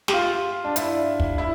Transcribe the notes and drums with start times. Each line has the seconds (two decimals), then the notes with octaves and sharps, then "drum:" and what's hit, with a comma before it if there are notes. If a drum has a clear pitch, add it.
0.08 G4, drum: snare
0.13 F4
0.64 D4
0.76 E4, drum: hi-hat
1.20 drum: kick
1.38 E4